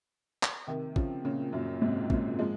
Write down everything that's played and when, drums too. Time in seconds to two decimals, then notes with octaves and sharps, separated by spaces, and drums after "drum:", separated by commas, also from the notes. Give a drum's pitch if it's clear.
0.43 drum: clap
0.67 C3 D#3
0.96 C#3 F3, drum: kick
1.24 A#2 C#3
1.53 F#2 A#2
1.82 G#2 C3
2.10 A#2 C#3, drum: kick
2.39 F3 G#3